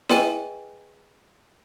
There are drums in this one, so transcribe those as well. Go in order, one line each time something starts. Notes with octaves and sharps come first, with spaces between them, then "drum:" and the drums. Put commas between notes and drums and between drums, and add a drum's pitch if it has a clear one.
G#4 B4 D#5 G5 G#5 D#7, drum: snare E4